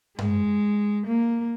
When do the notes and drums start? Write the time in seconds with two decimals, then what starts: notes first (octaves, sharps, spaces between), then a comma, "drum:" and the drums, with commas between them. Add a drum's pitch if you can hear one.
0.19 G#3, drum: tom G2
1.07 A#3